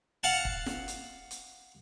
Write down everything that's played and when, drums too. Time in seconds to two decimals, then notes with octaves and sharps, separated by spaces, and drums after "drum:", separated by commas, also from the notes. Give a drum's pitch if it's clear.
0.23 F5 F#5 A5
0.45 drum: kick
0.66 drum: snare
0.88 drum: hi-hat
1.31 drum: hi-hat